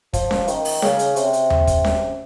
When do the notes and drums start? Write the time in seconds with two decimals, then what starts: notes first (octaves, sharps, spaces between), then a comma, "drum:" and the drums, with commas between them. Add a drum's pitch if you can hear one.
0.14 F3, drum: kick, hi-hat
0.31 drum: snare C#4
0.48 D#3, drum: hi-hat
0.65 drum: open hi-hat
0.82 C#3, drum: snare C#4
0.99 drum: hi-hat
1.16 C3, drum: hi-hat
1.33 drum: hi-hat
1.50 drum: tom D#2
1.67 drum: kick, hi-hat
1.84 drum: snare C#4